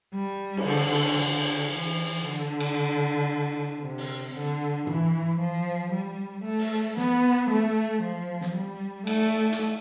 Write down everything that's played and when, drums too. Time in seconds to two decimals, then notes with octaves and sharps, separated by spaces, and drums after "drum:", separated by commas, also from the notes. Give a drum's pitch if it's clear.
0.14 G3
0.57 drum: cymbal
0.66 D3
1.19 D3
1.72 E3
2.24 D3
2.60 drum: cymbal
3.82 C3
3.98 drum: open hi-hat
4.35 D3
4.87 E3, drum: tom G#2
5.40 F3
5.93 G3
6.45 A3
6.59 drum: open hi-hat
6.97 B3, drum: snare
7.50 A3
8.02 F3
8.41 drum: snare
8.55 G3
9.07 A3, drum: cymbal
9.52 drum: hi-hat